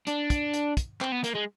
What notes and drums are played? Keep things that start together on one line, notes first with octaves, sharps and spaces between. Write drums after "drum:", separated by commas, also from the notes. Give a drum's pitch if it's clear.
D4, drum: hi-hat
drum: kick, hi-hat
drum: hi-hat
drum: kick, hi-hat
C4, drum: clap
B3
A#3, drum: hi-hat
G#3